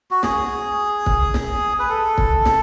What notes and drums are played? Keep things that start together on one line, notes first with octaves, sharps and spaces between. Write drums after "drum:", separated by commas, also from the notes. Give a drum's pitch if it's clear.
F#4
G#4, drum: snare
drum: kick
drum: snare
B4
A4
drum: kick
drum: snare